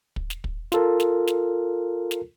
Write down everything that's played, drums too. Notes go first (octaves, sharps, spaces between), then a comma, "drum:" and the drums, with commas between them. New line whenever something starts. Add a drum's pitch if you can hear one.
drum: kick
drum: snare
drum: kick
F4 A4 A#4, drum: snare
drum: snare
drum: snare
drum: snare